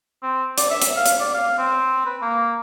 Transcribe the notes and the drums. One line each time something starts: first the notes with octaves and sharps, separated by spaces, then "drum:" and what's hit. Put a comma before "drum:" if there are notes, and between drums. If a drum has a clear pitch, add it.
C4
D5, drum: hi-hat
E5
drum: hi-hat
F5
drum: hi-hat
D5
F5
C4
B4
A#3